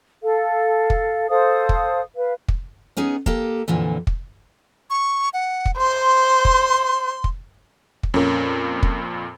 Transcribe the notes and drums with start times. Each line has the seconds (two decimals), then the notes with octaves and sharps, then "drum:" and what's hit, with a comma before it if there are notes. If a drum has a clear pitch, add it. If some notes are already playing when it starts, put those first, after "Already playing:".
0.23 A4 F5
0.90 drum: kick
1.29 A4 C5 F5 D#6
1.69 drum: kick
2.16 B4 F5
2.48 drum: kick
2.97 B3 C#4 D#4 G#4
3.26 A#3 G4 A4, drum: kick
3.68 F2 A#2 D3 E3
4.07 drum: kick
4.90 C#6
5.34 F#5
5.66 drum: kick
5.79 C5 C6
6.45 drum: kick
7.24 drum: kick
8.03 drum: kick
8.14 F2 A#2 C#4 A#4
8.83 drum: kick